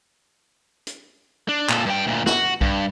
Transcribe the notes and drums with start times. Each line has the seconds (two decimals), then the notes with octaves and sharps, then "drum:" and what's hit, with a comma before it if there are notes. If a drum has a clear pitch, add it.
0.87 drum: hi-hat
1.49 D4
1.69 A#2 A4, drum: clap
1.86 G2 G5
2.07 D2 A#2
2.26 F#4, drum: snare
2.61 G2, drum: kick B1